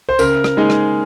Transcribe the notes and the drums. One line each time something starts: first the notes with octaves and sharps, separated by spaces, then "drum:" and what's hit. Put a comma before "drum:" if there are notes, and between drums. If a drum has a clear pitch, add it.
C5
C#3 A#4, drum: tambourine
drum: rim click
G#3 D#4 G#4
drum: rim click